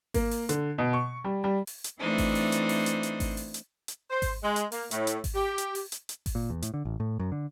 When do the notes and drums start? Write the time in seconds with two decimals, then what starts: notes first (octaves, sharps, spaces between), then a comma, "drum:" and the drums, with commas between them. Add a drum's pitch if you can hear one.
0.14 A#3, drum: kick G#1, open hi-hat
0.31 drum: open hi-hat
0.49 D3, drum: hi-hat
0.78 B2
0.93 C#6
1.24 G3
1.44 G3
1.67 drum: open hi-hat
1.84 drum: hi-hat
2.00 E3 A3 C4 D4 D#4 C5
2.18 drum: kick G#1, open hi-hat
2.35 drum: open hi-hat
2.52 drum: hi-hat
2.69 drum: open hi-hat
2.86 drum: hi-hat
3.03 drum: hi-hat
3.20 drum: kick G#1, open hi-hat
3.37 drum: open hi-hat
3.54 drum: hi-hat
3.88 drum: hi-hat
4.10 C5
4.22 drum: kick G#1, open hi-hat
4.43 G#3
4.56 drum: hi-hat
4.72 A#3, drum: open hi-hat
4.91 A2, drum: hi-hat
5.07 drum: hi-hat
5.24 drum: kick G#1, open hi-hat
5.35 G4
5.58 drum: hi-hat
5.75 drum: open hi-hat
5.92 drum: hi-hat
6.09 drum: hi-hat
6.26 drum: kick G#1, open hi-hat
6.35 A#2
6.50 E2
6.62 A2, drum: hi-hat
6.74 D3
6.85 A1
7.00 A2
7.19 F#2
7.32 D3